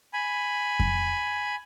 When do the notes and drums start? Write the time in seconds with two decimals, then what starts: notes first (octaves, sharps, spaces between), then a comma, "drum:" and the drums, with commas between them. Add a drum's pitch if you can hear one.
0.13 G#5 B5
0.80 drum: kick F2